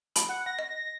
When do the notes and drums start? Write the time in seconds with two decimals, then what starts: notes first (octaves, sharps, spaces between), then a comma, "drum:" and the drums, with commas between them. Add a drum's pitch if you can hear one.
0.16 B5, drum: hi-hat
0.29 F#5
0.46 A#6
0.59 D#5